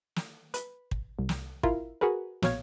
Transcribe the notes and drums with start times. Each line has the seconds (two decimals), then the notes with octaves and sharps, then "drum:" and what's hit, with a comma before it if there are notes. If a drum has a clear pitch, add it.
0.16 drum: snare
0.54 B4, drum: hi-hat
0.91 drum: kick
1.19 C2
1.29 drum: snare
1.63 E4 F4 A#4, drum: kick
2.01 F#4 G#4 A#4 B4
2.42 A#1 B2 C#5 F5 G#6, drum: snare